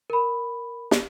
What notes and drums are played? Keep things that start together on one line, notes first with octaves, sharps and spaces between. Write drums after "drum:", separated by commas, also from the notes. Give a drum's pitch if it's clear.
A#4 B5
drum: snare